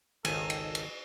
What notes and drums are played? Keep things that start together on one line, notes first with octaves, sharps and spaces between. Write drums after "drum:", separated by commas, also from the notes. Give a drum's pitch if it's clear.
G#1 C#2 D#3 A4 G#5, drum: cymbal
drum: cymbal
drum: cymbal